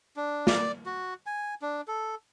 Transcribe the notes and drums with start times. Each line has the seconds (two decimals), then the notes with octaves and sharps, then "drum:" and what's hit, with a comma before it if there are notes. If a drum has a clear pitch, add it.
0.16 D4
0.47 D5, drum: snare
0.86 F#4
1.26 G#5
1.62 D4
1.88 A4